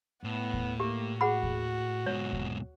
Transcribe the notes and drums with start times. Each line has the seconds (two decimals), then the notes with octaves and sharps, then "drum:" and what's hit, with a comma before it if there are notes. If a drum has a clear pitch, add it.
0.24 A2 B3
0.53 drum: kick D#2
0.80 A#3 G4
1.21 F#4 G#4 F#5 B5
1.43 drum: kick D#2
2.06 G#2 B2 C#5
2.33 drum: kick D#2